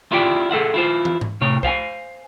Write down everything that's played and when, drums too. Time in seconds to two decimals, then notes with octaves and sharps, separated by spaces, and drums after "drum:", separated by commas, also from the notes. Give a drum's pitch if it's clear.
0.12 E4 F4 G4 D5 E5 G5
0.51 G#4 A4 E5 F#5
0.74 E4 F4 C5
1.05 drum: tom
1.21 drum: tom G#2
1.41 A2 C3 C#5
1.63 C5 F5 G5 G#5, drum: kick C2